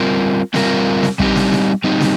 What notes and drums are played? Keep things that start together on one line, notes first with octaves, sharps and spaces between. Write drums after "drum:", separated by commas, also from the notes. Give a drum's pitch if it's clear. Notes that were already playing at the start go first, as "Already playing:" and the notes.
Already playing: G3 C4 F4 A#4
G3 C4 F4 A#4, drum: snare
drum: snare
G3 C4 D#4 G4, drum: kick
drum: snare
drum: snare
G3 C4 D#4 G4
drum: snare